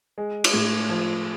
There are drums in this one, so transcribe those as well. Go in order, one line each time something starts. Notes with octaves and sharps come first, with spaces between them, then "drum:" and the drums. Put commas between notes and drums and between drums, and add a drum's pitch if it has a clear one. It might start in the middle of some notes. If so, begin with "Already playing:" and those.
G#3
drum: cymbal
A2
F3